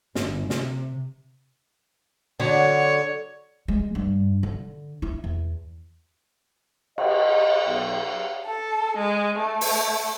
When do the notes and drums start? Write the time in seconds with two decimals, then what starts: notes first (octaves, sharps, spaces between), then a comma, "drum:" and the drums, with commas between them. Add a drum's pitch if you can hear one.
0.15 G1, drum: snare
0.50 C3, drum: snare
2.40 D3 F#3 C#5
3.68 G#3
3.95 G2
4.43 D3
5.02 E4
5.24 E2
6.98 D#5, drum: cymbal
7.67 B1
8.45 A4
8.97 G#3
9.38 A3
9.61 drum: open hi-hat